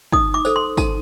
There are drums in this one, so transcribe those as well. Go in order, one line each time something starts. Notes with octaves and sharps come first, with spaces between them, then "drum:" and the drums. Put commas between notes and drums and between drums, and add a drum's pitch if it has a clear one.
D#4 D#6, drum: kick
D6
A4 C5, drum: tambourine
C6
D#4 A5, drum: kick, tambourine